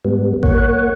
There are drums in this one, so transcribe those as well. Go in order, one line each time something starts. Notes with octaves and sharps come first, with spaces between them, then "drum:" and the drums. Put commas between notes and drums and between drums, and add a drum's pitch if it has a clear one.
G#2 G3 B3
A#3 C#5 F#5, drum: kick A1